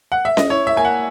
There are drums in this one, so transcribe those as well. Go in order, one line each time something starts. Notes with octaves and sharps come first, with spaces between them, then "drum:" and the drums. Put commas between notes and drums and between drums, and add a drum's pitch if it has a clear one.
F#5
E5
D#5, drum: snare C#4
E4 C#5
E5
A#3 G#5
F#5